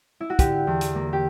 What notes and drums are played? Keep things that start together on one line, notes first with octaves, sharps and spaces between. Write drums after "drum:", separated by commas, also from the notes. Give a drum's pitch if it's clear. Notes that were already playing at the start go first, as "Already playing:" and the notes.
E4
F#4
D3 G4, drum: kick, hi-hat
E2
drum: hi-hat
A#3
G4